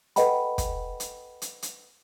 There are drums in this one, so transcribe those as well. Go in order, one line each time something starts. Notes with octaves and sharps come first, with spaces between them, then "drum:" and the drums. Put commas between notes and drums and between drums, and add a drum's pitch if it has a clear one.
A4 B4 D#5 F#5 G5 B5, drum: hi-hat
drum: kick, hi-hat
drum: hi-hat
drum: hi-hat
drum: hi-hat